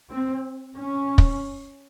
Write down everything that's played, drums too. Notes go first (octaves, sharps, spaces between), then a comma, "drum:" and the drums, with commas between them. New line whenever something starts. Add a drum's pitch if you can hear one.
C4
C#4
drum: kick